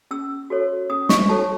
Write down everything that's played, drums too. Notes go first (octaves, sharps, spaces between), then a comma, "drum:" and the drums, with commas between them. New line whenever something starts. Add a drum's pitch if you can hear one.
C#4 E6
F#4 A4 C#5
C#4 D#6
C#6, drum: snare
F#4 A4 C#5 A5